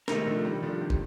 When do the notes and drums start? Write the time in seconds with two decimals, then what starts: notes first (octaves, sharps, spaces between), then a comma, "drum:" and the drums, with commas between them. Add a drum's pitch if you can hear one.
0.08 C3 D#3 A3 D#4 A#4, drum: snare
0.26 D3 F3
0.44 D#3 G3
0.63 D3 F3
0.81 C3 D#3
0.90 drum: kick